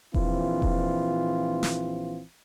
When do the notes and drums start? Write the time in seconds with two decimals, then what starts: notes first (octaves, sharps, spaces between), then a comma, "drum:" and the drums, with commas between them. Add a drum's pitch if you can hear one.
0.14 A#1 E3 C4 F4, drum: kick E1
0.62 drum: kick E1
1.63 drum: snare